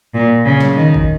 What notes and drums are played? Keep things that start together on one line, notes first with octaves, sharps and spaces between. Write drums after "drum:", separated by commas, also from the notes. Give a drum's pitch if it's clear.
A#2
C#3
drum: snare
D#3
drum: kick